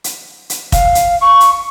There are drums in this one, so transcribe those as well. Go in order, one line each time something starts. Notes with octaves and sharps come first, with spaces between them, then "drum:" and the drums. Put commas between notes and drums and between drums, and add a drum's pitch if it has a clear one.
drum: hi-hat
drum: hi-hat
F5, drum: kick, hi-hat
drum: hi-hat
C#6
drum: hi-hat